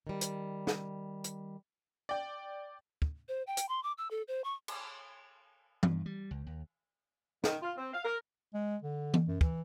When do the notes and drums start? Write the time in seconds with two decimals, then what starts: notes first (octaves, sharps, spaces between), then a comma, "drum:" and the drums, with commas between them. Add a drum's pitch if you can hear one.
0.07 D#3 G3
0.21 drum: hi-hat
0.67 drum: snare
1.24 drum: hi-hat
2.09 D5 G5
3.02 drum: kick
3.28 C5
3.47 G5
3.57 drum: hi-hat
3.69 C6
3.83 D6
3.98 E6
4.11 A4
4.28 C5
4.44 C#6
4.68 drum: cymbal
5.83 G2, drum: tom E3
6.06 G3
6.31 C#2
6.47 D#2
7.44 D#3, drum: snare
7.62 F4
7.78 C4
7.93 F5
8.05 A#4
8.54 G#3
8.82 D3
9.14 drum: tom E3
9.28 F#2
9.41 E3, drum: kick